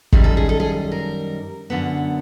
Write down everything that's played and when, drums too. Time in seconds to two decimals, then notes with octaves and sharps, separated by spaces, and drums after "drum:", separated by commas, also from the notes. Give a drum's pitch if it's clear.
0.13 F#2 D#3 G3 G#4, drum: kick
0.24 A4
0.37 G#4
0.49 A4
0.60 G#4
0.92 A#4
1.70 F#2 D3 F#3 B3